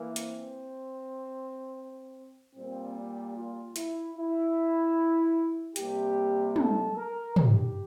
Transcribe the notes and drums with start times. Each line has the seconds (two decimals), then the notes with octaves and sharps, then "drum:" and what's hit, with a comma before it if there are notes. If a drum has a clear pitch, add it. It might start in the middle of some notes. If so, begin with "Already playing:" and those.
Already playing: E3 A#3
0.16 C4, drum: hi-hat
2.56 A#2 G3 A#3 C4
2.96 G4
3.36 F4
3.76 E4, drum: hi-hat
4.17 E4
5.76 C3 G3 A#3 G4, drum: hi-hat
6.56 A4, drum: tom
6.97 A#4
7.36 G4, drum: tom